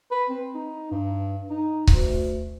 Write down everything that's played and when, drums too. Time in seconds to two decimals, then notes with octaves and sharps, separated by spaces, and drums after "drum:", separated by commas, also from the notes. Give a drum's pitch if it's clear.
0.11 B4
0.30 C4
0.54 D#4
0.91 G2
1.50 D#4
1.87 D2, drum: kick C#1